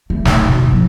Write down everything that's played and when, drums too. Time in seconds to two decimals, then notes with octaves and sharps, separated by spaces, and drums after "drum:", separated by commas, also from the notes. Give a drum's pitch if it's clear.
0.10 A3
0.25 D#4, drum: snare
0.47 B2
0.59 D#2
0.72 F3